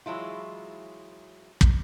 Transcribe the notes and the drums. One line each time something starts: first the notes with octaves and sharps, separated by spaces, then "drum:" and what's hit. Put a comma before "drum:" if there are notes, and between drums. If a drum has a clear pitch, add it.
E3 F#3 G#3 E4 F4
drum: kick